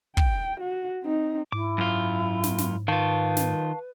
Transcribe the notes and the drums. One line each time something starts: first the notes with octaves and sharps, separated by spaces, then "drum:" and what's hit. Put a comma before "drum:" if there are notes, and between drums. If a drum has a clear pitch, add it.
G5, drum: kick
F#4
C4 D#4
G#2 E4 D6
F#2 F4
drum: snare
drum: snare
D#3 F4 B4 F5 A5 C#6
drum: snare